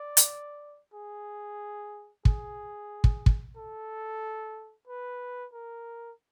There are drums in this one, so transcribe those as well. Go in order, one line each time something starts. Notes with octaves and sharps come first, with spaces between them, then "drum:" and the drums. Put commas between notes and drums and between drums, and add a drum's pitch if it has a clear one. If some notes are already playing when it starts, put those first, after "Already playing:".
Already playing: D5
drum: hi-hat
G#4
G#4, drum: kick
drum: kick
drum: kick
A4
B4
A#4